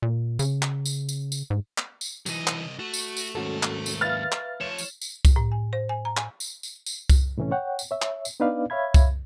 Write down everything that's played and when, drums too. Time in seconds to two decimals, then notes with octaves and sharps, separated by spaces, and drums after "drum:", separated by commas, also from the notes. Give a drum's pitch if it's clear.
0.02 A#2
0.39 C#3, drum: tambourine
0.62 drum: clap
0.86 drum: tambourine
1.09 drum: tambourine
1.32 drum: tambourine
1.50 G#2
1.78 drum: clap
2.01 drum: tambourine
2.26 C2 E3 F#3 D#5, drum: tambourine
2.47 drum: clap
2.79 A3 F#4
2.94 drum: tambourine
3.17 drum: tambourine
3.35 D#2 G#2 C#4 F#4 A4
3.63 drum: clap
3.86 drum: tambourine
4.01 B4 E5 F5 F6 A6
4.32 drum: clap
4.61 F3 A3 C#5 E7
4.78 drum: tambourine
5.02 drum: tambourine
5.25 drum: kick C2, tambourine
5.36 A2
5.52 G#5
5.73 C5
5.89 G#5
6.05 A#5
6.17 G#5, drum: clap
6.40 drum: tambourine
6.63 drum: tambourine
6.86 drum: tambourine
7.10 drum: kick C2, tambourine
7.38 A2 C3 E3 A3 C#4
7.51 C#5 F#5 G5
7.79 drum: tambourine
7.91 C#5 E5
8.02 drum: clap
8.25 drum: tambourine
8.40 B3 D4 D#4 B4 D5 F5
8.70 C#5 E5 F5 B5 G#6
8.94 drum: kick C2, tambourine